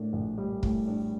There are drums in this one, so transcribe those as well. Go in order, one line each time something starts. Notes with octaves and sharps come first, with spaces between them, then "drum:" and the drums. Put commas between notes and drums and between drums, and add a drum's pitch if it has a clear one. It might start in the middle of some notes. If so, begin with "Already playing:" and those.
Already playing: A2 D4 A#4
A#1
G3
A2, drum: kick
D4